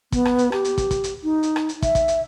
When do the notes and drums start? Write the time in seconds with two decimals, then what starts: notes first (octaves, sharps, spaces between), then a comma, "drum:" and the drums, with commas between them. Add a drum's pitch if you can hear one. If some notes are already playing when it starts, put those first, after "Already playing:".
0.12 B3, drum: kick, hi-hat
0.25 drum: rim click
0.38 drum: hi-hat
0.52 G4, drum: rim click
0.65 drum: hi-hat
0.78 drum: kick, hi-hat
0.91 drum: kick, hi-hat
1.04 drum: hi-hat
1.23 D#4
1.43 drum: hi-hat
1.56 drum: rim click
1.69 drum: hi-hat
1.82 E5, drum: kick, hi-hat
1.95 drum: kick, hi-hat
2.08 drum: hi-hat